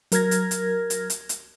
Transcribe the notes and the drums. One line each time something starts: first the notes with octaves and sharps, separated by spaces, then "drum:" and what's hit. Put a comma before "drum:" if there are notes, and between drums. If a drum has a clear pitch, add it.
F#3 A#4 F6 G#6 A#6, drum: hi-hat
drum: hi-hat
drum: hi-hat
drum: hi-hat
drum: hi-hat
drum: hi-hat